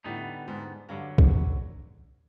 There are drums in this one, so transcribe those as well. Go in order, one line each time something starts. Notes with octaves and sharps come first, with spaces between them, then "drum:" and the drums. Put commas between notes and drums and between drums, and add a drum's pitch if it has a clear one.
A2 D3 G3 B3 D#4
G#2
G2 D3 F#3
drum: kick